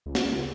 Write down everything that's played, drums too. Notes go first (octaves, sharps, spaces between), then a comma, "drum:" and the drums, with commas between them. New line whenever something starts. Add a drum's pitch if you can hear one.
C#2
drum: snare